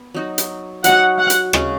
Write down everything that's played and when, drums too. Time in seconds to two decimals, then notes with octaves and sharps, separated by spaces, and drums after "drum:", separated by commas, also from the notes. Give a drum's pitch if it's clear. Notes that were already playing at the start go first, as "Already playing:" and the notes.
Already playing: B3
0.14 F#3 D#4 F#4
0.38 drum: hi-hat
0.84 F#3 D#4 F#4 F#5, drum: hi-hat
1.19 F#5
1.30 drum: hi-hat
1.53 C#3 G#3 C#4, drum: rim click